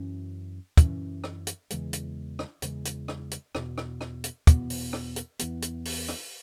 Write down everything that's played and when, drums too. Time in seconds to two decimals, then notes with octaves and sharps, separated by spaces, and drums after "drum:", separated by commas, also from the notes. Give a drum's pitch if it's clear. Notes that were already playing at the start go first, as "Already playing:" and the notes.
Already playing: F#2 E3 C#4
0.77 F#2 E3 C#4, drum: kick, hi-hat
1.24 drum: rim click
1.47 drum: hi-hat
1.70 E2 C#3 E3 G#3, drum: hi-hat
1.93 drum: hi-hat
2.39 drum: rim click
2.62 E2 C#3 E3 G#3, drum: hi-hat
2.85 drum: hi-hat
3.08 drum: rim click
3.31 drum: hi-hat
3.55 E2 B2 B3, drum: rim click
3.78 drum: rim click
4.01 drum: rim click
4.24 drum: hi-hat
4.47 E2 B2 B3, drum: kick, hi-hat
4.70 drum: open hi-hat
4.93 drum: rim click
5.16 drum: hi-hat
5.39 E2 E3 B3, drum: hi-hat
5.62 drum: hi-hat
5.85 drum: open hi-hat
6.08 drum: rim click